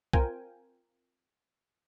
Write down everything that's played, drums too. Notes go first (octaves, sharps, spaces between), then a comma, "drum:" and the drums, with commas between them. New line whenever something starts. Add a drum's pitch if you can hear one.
C4 F4 A#4 G5 G#5, drum: kick B1